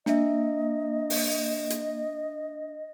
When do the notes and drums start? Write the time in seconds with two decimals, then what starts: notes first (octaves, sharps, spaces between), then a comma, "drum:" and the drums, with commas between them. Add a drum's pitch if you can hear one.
0.06 A#3 D4 D#5 E5, drum: snare
1.10 drum: open hi-hat
1.70 drum: hi-hat